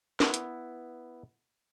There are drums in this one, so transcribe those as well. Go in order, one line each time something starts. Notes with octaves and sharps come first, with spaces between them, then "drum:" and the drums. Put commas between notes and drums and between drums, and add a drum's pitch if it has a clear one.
B3 E4, drum: snare
drum: hi-hat